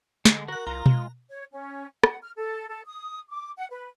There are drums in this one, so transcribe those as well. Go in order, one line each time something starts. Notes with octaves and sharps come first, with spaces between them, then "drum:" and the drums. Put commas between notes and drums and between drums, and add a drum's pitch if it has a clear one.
D3 G#3, drum: snare
F#4 A#4 F#6
C2 F4 A#5
G#3, drum: tom B2
C#5
C#4
F#5, drum: rim click
F6
A4
A4
D#6
D6
F#5
B4